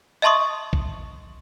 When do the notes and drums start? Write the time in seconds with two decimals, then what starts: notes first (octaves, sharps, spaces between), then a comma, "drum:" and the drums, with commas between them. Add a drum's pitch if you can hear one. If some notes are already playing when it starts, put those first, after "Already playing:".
0.22 D#5 E5 A5 C6 C#6 D#6
0.73 drum: kick A#1